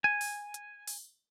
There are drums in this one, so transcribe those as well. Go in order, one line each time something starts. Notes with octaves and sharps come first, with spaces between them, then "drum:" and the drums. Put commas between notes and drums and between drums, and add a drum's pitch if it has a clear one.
G#5
drum: open hi-hat
drum: hi-hat
drum: open hi-hat